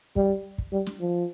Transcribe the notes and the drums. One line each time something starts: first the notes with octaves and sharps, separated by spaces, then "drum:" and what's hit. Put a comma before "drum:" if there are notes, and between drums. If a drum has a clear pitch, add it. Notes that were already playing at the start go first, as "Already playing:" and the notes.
G3, drum: kick
drum: kick
G3
drum: snare
F3